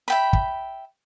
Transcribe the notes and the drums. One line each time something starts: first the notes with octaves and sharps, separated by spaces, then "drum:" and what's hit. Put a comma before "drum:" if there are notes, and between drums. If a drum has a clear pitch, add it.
E5 G5 B5
drum: kick